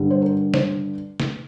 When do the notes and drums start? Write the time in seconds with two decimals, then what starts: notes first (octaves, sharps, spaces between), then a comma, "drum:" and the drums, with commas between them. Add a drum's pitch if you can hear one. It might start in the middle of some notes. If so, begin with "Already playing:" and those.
Already playing: G2 D3 G3
0.10 C5
0.22 A#4
0.54 C5, drum: snare
1.20 drum: snare